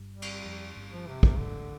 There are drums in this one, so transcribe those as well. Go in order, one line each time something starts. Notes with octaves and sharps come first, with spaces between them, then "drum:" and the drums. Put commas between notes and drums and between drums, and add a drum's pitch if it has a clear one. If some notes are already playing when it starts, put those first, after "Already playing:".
Already playing: G1 G2
G3
drum: cymbal
F2
G1 G2
F3
C3
C3, drum: kick
G2
A1 A2 D3